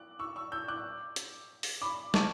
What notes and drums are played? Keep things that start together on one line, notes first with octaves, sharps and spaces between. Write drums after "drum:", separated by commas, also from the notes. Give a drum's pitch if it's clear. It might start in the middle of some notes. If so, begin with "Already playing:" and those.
Already playing: D6 F#6
C#6 E6
C#6 E6
E6 G6
D6 F#6
drum: hi-hat
drum: open hi-hat
B5 D6
A5 C#6, drum: snare